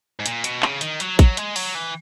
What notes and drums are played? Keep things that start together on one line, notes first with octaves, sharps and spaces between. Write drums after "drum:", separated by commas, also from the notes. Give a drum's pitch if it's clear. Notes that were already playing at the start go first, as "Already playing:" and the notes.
G#2
A#2, drum: hi-hat
B2, drum: hi-hat
C#3, drum: clap
D#3, drum: hi-hat
F#3, drum: hi-hat
F#3, drum: kick A1, hi-hat
G#3, drum: hi-hat
F#3, drum: open hi-hat
E3